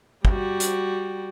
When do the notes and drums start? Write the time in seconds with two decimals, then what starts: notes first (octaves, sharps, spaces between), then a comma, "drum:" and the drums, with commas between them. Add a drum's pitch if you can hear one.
0.25 G3 F#4, drum: kick
0.60 drum: hi-hat